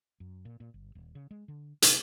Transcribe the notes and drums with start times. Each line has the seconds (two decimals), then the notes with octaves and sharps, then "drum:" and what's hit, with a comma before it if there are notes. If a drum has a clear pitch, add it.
0.20 F#2
0.45 A#2
0.60 A#2
0.74 G1
0.95 D#1
1.15 C#3
1.31 G#3
1.48 D3
1.82 C3, drum: hi-hat